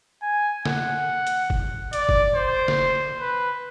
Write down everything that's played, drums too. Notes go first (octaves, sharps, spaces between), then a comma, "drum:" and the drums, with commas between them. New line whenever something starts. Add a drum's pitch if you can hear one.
G#5
F#5, drum: snare
drum: hi-hat
drum: kick F#1
D5, drum: hi-hat
drum: kick F#1
C5
drum: snare
B4